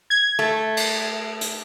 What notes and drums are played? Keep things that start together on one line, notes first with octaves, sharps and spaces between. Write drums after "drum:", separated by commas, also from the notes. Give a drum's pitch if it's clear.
G#6
A3
drum: cymbal
drum: hi-hat